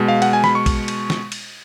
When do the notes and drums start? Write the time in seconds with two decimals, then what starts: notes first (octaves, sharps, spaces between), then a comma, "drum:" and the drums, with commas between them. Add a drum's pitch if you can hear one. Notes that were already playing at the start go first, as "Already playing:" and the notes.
Already playing: B2 G#3
0.08 F5
0.22 F#5, drum: cymbal
0.33 G#5
0.44 B5, drum: snare
0.55 C#6
0.66 drum: kick, cymbal
0.88 drum: cymbal
1.10 drum: snare
1.32 drum: cymbal